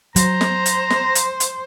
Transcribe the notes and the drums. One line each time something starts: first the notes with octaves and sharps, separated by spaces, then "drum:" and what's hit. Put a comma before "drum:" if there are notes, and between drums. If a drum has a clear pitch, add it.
F#3 C5 A#5, drum: hi-hat
drum: snare
drum: hi-hat
drum: snare
drum: hi-hat
drum: hi-hat